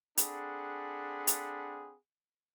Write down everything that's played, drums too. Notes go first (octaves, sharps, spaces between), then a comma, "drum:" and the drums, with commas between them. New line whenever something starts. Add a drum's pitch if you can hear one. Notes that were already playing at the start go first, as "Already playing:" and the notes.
C4 D4 G#4 A4 F#5 B5, drum: hi-hat
drum: hi-hat